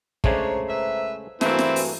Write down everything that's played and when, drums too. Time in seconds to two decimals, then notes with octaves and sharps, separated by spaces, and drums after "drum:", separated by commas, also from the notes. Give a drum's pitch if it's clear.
0.24 C#3 G#3 A3 D4 C5 C#5 A#5, drum: kick
0.68 B4 E5
1.41 G2 E3 A3 A#3 C4 E4 F#4 G#5, drum: snare
1.59 drum: snare
1.76 drum: open hi-hat